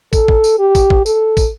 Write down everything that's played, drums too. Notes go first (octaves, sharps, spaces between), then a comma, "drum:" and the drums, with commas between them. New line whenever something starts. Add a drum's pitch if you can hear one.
A4, drum: kick, tambourine
drum: kick
drum: tambourine
G4
drum: kick, tambourine
drum: kick
A4, drum: tambourine
drum: kick, tambourine